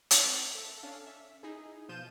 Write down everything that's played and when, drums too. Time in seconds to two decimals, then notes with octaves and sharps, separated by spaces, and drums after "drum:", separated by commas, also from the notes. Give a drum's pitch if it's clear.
0.11 drum: hi-hat
0.24 C4
0.51 A4 E5
0.83 C#4 D4 A4 F5
1.06 E5
1.43 D#4 E4 G#4
1.89 B2 F3 F4 G6 D#7 E7